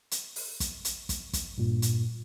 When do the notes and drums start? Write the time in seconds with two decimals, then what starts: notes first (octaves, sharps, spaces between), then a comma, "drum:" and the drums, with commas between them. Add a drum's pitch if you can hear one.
0.11 drum: hi-hat
0.36 drum: open hi-hat
0.60 drum: kick, hi-hat
0.85 drum: hi-hat
1.09 drum: kick, hi-hat
1.33 drum: kick, hi-hat
1.58 G2 A#2
1.82 drum: hi-hat